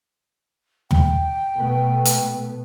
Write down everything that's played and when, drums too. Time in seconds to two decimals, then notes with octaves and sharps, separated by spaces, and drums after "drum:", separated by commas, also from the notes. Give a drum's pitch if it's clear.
0.91 G5, drum: tom
1.55 B2 A3 B3
2.05 drum: hi-hat